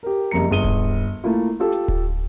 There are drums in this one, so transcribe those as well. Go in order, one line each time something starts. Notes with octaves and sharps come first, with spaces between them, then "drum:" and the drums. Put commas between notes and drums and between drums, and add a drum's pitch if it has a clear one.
G4 A#4
F#1 F2 G3 A#5 C#7
G1 G#4 D#7 G7
drum: kick D1
A3 A#3 E4 F4
F4 G4 A4
drum: hi-hat
drum: kick D1